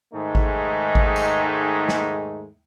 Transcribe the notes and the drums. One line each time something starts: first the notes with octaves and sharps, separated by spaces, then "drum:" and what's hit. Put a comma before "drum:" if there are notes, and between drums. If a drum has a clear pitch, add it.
G#2 D#3 G#3 A3 D#4
drum: kick G#1
drum: kick G#1
drum: tambourine
drum: snare